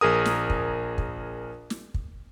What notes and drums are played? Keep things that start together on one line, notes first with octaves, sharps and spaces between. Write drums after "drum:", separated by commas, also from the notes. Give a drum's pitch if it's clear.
A#1 G#4 A#4 D#6
drum: snare
drum: kick
drum: kick
drum: snare
drum: kick